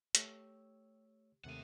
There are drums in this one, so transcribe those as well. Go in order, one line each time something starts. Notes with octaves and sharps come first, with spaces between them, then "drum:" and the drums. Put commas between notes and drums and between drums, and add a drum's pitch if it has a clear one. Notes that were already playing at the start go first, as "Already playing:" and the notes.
A3 G4 C#5 E6, drum: hi-hat
D#2 C3 A3 D#5 F#5